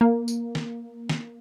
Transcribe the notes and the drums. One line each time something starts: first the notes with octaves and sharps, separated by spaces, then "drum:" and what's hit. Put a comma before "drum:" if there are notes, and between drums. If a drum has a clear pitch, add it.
A#3
drum: tambourine
drum: snare
drum: snare